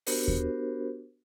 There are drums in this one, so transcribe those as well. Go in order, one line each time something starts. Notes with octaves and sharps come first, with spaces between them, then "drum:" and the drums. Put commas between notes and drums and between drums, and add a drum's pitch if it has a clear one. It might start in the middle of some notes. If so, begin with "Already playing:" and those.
B3 D4 F#4 G4 A#4 C5, drum: open hi-hat
drum: kick D#2